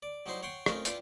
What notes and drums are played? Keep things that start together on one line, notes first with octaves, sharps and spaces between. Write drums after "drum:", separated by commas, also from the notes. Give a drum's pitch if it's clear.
D5
F#3 G3 D#4 E4 C5 C6
C#5 F#5 G5 C6
A3 C4 C#4 D#4 F4 A#4, drum: rim click
D4 E4 F4 B4 G5, drum: hi-hat